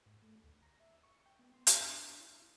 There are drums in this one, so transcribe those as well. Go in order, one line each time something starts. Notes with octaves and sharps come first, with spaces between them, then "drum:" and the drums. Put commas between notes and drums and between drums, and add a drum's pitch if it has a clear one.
G#2
A3
D2
A#5
E5
C#6
G5
B3
C6
G2, drum: hi-hat
D4
E4